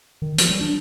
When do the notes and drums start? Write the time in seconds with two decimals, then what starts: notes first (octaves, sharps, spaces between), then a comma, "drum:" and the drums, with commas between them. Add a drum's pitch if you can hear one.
0.22 D#3
0.38 F3, drum: hi-hat
0.49 G3
0.61 D4